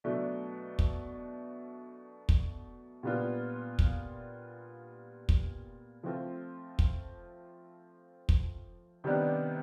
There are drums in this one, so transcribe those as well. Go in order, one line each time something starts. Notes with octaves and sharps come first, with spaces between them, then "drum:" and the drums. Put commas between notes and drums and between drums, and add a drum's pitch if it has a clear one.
B2 F#3 A3 D4
drum: kick
drum: kick
A#2 G3 B3 D4 F4
drum: kick
drum: kick
F3 A3 C4 F4
drum: kick
drum: kick
C3 D#3 G3 B3 D4